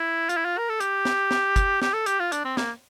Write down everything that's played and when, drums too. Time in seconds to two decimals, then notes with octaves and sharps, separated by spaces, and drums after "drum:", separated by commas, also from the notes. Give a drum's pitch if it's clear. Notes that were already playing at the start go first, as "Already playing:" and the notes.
Already playing: E4
0.29 F4, drum: hi-hat
0.37 E4
0.45 F4
0.58 A#4
0.69 A4
0.80 G4, drum: hi-hat
1.05 drum: snare
1.31 drum: snare
1.56 drum: kick, hi-hat
1.82 G4, drum: snare
1.94 A4
2.06 G4, drum: hi-hat
2.20 F4
2.32 D4, drum: hi-hat
2.45 C4
2.57 A#3, drum: snare